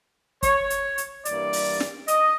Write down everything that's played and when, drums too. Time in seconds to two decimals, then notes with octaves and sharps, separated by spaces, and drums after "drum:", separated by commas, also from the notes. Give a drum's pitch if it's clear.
0.43 C#5, drum: kick, hi-hat
0.70 drum: hi-hat
0.98 drum: hi-hat
1.25 G2 E3 G3 A#3 D5, drum: hi-hat
1.53 drum: open hi-hat
1.80 drum: snare
2.08 D#5, drum: hi-hat